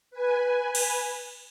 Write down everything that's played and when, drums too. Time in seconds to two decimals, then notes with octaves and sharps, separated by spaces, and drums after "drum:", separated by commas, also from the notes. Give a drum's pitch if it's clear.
0.11 B4 G#5
0.75 drum: cymbal